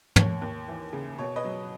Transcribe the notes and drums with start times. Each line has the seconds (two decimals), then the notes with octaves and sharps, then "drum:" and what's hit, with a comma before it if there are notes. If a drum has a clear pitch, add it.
0.16 D#2 C#5, drum: tom
0.42 D#2
0.68 E3
0.93 C#3
1.18 B2 C#5
1.36 B4 D#5
1.45 F#3